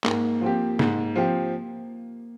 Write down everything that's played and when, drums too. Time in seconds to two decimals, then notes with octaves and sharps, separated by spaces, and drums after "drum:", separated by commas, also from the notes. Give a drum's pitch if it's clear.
0.04 G#2 A#3, drum: clap
0.41 F3 C4 G4
0.79 G#2, drum: snare
1.16 F3 C4 G4